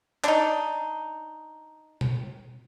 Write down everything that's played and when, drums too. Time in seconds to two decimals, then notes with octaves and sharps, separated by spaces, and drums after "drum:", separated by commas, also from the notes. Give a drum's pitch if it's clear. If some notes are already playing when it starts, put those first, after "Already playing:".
0.24 D4 D#4, drum: clap
2.01 drum: tom B2